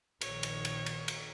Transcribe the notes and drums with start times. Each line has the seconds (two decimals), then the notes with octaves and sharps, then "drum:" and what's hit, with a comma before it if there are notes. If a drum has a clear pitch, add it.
0.21 A#1 D#3 C#5, drum: cymbal
0.43 drum: cymbal
0.65 drum: cymbal
0.86 drum: cymbal
1.08 drum: cymbal